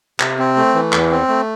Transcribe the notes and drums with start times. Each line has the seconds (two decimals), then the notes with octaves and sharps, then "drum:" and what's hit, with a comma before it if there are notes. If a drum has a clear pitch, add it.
0.20 C3, drum: clap
0.39 C4
0.56 A3
0.75 E3
0.93 E2, drum: clap
1.12 C4
1.29 A3